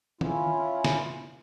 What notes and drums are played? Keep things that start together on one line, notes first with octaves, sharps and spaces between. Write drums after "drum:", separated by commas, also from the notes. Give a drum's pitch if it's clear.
C#4 E4 F4, drum: tom D#3
drum: snare